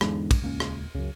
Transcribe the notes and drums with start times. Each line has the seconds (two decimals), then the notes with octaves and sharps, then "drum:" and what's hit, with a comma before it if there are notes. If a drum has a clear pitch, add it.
0.01 E2 G#2 D3 G#3 D4, drum: rim click
0.31 drum: kick, cymbal
0.42 D#1 C#2 A#3 C#4
0.60 drum: rim click
0.95 C#2 F#2 C#3